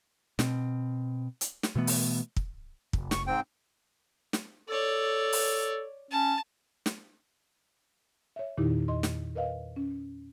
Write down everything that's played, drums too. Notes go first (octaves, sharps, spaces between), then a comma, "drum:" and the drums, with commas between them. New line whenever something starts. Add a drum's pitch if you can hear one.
B2 C4, drum: snare
drum: hi-hat
drum: snare
B2 E3 A3 B3
drum: open hi-hat
drum: kick
F1, drum: kick
C#6, drum: snare
G#2 C4 G5
drum: snare
A4 C#5 D5
drum: open hi-hat
C#4 A5
drum: snare
C#5 E5
E2 A#2 D#3 D#4 E4 G4
E2 D#5 C6
drum: snare
A#4 B4 D#5 F5
C#4